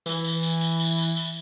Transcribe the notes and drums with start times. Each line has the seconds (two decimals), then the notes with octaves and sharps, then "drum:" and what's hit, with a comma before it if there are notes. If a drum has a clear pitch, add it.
0.06 E3, drum: tambourine
0.24 drum: tambourine
0.43 drum: tambourine
0.61 drum: tambourine
0.80 drum: tambourine
0.98 drum: tambourine
1.17 drum: tambourine